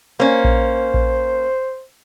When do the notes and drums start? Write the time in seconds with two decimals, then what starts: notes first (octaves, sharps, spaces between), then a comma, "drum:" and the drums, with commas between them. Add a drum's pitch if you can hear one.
0.20 A#3 C#4 C5
0.44 drum: kick A#1
0.94 drum: kick A#1